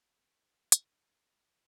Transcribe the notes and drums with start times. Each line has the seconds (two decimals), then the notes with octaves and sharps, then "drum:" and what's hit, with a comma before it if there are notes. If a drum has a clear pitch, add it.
0.23 D#3 G#3 D4 F4 G#4
0.72 drum: hi-hat